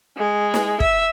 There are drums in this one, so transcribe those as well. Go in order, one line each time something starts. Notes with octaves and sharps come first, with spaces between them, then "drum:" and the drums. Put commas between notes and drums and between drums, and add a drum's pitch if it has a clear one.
G#3
drum: snare
E5, drum: kick